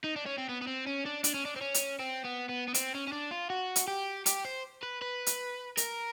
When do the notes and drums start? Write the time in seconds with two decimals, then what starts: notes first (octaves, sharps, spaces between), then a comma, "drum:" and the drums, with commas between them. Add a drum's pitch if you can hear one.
0.04 D#4
0.16 D4
0.26 C#4
0.38 C4
0.49 B3
0.61 B3
0.67 C4
0.86 C#4
1.05 D4
1.24 D4, drum: hi-hat
1.34 C#4
1.45 D4
1.56 C4
1.61 C#4
1.74 drum: hi-hat
2.00 C4
2.25 B3
2.49 B3
2.68 B3
2.74 C4, drum: hi-hat
2.94 C#4
3.07 C#4
3.12 D4
3.31 F4
3.50 F#4
3.76 drum: hi-hat
3.88 G4
4.26 G4, drum: hi-hat
4.45 C5
4.83 B4
5.01 B4
5.26 drum: hi-hat
5.77 A#4, drum: hi-hat